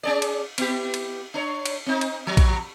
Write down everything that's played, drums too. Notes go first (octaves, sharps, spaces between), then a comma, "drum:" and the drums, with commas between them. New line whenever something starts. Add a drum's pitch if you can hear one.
C#4 G#4 D5
drum: cymbal
B3 E4 G4, drum: cymbal
drum: cymbal
D4 C#5
drum: cymbal
C4 D#4
drum: cymbal
F3
drum: kick A#1, cymbal